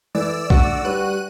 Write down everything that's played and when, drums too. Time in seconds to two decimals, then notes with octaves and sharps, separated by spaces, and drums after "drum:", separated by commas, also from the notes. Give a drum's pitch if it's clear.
0.15 E3 A4 D5 E6
0.50 D3 A3 F#4, drum: kick A#1
0.85 G3 D4 B4 F#6 D#7